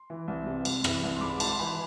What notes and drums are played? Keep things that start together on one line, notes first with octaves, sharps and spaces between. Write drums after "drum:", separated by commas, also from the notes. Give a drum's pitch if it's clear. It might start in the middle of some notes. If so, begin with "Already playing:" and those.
Already playing: C6
E3
C2
C3
C2, drum: cymbal
E3, drum: rim click
C2
C6
G#2 B5 D6
G#1 A5 C6, drum: cymbal
C6
E3 G#5 B5